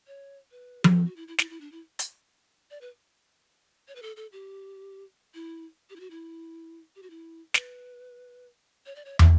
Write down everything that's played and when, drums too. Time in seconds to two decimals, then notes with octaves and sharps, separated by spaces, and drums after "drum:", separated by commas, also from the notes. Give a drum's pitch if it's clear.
0.07 C#5
0.51 B4
0.84 G4, drum: tom F3
0.95 A4
1.05 F#4
1.16 E4
1.28 E4
1.38 E4, drum: snare
1.50 E4
1.61 D4
1.72 E4
1.99 drum: hi-hat
2.71 D5
2.81 B4
3.88 C#5
3.96 B4
4.02 A4
4.16 A4
4.32 G4
5.34 E4
5.90 G4
5.96 E4
6.00 F#4
6.11 E4
6.96 G4
7.03 F#4
7.10 E4
7.54 B4, drum: snare
8.86 C#5
8.95 D5
9.05 C#5
9.19 E5, drum: tom